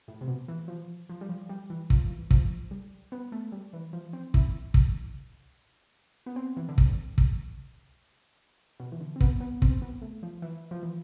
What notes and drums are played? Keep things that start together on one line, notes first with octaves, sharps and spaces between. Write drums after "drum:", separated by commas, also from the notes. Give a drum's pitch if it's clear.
A2
C3
B2
E3
F3
F3
G3
F3
G3
E3
F3, drum: kick
E3
F3, drum: kick
G3
B3
A3
G3
E3
F3
C4
E4, drum: kick
drum: kick
B3
C4
E3
D3
C3, drum: kick
drum: kick
B2
E3
D3
C4
B3, drum: kick
B3
C4, drum: kick
B3
A3
F3
E3
F3
E3